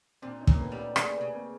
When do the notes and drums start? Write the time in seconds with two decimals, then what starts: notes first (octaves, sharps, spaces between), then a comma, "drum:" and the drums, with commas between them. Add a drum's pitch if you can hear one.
0.22 A#2 C4 D4
0.40 C#4 D#4
0.47 A#2, drum: kick
0.55 A#3
0.59 A3 B3
0.72 G3
0.78 A#3
0.96 C#3 A3 B3, drum: rim click
1.15 A3 B3
1.21 C#3
1.33 A#3 C4